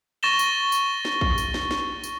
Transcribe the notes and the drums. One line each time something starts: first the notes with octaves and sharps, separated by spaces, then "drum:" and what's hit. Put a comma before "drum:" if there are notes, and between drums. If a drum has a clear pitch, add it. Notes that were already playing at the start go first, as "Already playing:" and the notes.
C#6 A6 A#6 E7 G7
drum: tambourine
drum: tambourine
drum: snare
drum: kick A#1
drum: tambourine
drum: snare
drum: snare
drum: tambourine